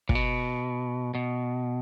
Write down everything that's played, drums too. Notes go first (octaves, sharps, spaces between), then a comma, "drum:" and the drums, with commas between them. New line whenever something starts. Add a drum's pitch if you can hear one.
A#2, drum: kick
B2
B2